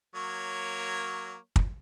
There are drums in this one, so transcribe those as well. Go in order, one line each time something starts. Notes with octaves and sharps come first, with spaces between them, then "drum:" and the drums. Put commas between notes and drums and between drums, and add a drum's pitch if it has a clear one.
F#3 A#3 C#5
drum: kick